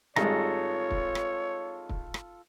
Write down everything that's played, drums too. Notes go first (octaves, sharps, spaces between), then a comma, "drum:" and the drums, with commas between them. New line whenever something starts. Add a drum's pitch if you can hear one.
G#1 G3 G#3 F4 A4 C#5 A#5, drum: rim click
drum: kick
drum: rim click
drum: kick
drum: rim click